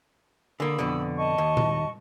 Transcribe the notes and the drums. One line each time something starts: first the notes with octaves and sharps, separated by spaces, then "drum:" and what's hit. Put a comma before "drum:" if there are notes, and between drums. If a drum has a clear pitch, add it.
D3 A#3 B5 D#6 E6
F2 B2 D3
D#5 A5 C#6
D#2
drum: tom A#2